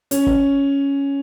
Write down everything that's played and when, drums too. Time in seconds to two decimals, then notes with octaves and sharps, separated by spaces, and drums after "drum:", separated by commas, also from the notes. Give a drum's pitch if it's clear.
0.11 C#4, drum: hi-hat
0.27 drum: kick